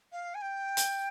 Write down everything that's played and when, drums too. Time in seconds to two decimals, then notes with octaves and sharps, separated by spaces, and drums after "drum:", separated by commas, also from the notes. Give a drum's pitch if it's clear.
0.12 F5
0.34 G#5
0.41 G5
0.77 drum: hi-hat